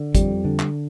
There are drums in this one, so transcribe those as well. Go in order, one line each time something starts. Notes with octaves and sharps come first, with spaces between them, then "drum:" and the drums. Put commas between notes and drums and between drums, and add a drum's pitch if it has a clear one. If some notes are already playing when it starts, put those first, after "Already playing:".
Already playing: D3
F2 G3, drum: kick, hi-hat
D3
drum: clap